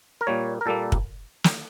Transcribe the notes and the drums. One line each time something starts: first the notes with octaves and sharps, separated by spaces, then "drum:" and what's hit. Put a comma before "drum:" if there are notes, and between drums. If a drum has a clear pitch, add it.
A#4
A#2 G3 A#3 C#5
A#4
A#2 G3 A#3 A4
drum: kick
drum: snare